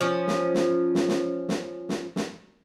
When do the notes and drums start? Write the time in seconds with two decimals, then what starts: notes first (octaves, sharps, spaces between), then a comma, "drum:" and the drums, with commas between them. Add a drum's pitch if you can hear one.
0.01 F3 C#4
0.27 drum: snare
0.54 drum: snare
0.95 drum: snare
1.08 drum: snare
1.49 drum: snare
1.89 drum: snare
2.16 drum: snare